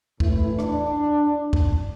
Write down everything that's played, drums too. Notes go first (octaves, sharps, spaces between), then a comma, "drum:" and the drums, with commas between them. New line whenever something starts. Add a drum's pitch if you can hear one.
A2 E3 E4, drum: kick
D4, drum: rim click
drum: kick